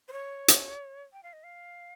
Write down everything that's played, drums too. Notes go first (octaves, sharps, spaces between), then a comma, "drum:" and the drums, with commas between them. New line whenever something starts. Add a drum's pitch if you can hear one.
C5
C#5
drum: hi-hat
G5
F5
D#5
F5